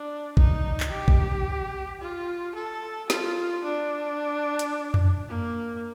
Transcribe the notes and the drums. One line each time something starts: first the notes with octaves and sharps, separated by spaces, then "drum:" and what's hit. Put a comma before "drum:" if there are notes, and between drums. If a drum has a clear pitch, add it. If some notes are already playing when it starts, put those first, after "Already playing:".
Already playing: D4
D#4, drum: kick A1
drum: clap
G4
drum: kick A1
F4
A4
F4, drum: snare
D4
drum: hi-hat
drum: tom F2
A#3